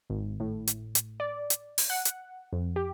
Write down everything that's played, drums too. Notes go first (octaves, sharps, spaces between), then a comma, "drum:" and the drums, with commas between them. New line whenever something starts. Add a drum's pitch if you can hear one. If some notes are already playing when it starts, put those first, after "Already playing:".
G#1
A2
drum: hi-hat
drum: hi-hat
D5
drum: hi-hat
drum: open hi-hat
F#5
drum: hi-hat
F2
G4